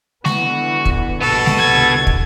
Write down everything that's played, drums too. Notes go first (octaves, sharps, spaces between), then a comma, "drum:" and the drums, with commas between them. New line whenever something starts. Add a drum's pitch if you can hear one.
D3 E3 B3 F#4, drum: snare G#3
drum: kick
A#1 G2 B3 F#4 A4
drum: snare G#3
C2 D3 G#6
drum: kick